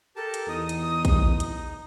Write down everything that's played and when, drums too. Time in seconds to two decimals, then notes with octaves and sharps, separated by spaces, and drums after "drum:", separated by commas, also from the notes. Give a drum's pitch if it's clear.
0.16 G4 A4 A#4 A5
0.34 drum: hi-hat
0.48 E2 D#4 D#6
0.69 drum: hi-hat
1.05 drum: kick, hi-hat
1.40 drum: hi-hat